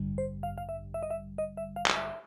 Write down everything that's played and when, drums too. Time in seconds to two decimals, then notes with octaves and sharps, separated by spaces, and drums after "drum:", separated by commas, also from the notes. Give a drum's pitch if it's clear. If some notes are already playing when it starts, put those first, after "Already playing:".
Already playing: A1 G2 D3 G3
0.18 C5
0.43 F5
0.58 F5
0.69 E5
0.94 E5
1.03 D#5
1.10 E5
1.38 D#5
1.57 E5
1.76 F5
1.86 drum: clap
1.96 E5